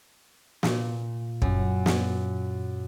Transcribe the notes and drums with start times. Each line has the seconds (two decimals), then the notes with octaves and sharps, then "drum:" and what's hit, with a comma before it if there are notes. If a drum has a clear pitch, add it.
0.63 A#2, drum: snare
1.42 F#2, drum: kick
1.86 drum: snare